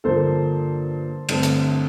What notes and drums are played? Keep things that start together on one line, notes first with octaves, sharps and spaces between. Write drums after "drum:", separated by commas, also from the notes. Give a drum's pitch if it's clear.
G2 D3 F3 A#3 A4 C5
G2 D3 A3 C4, drum: cymbal
drum: hi-hat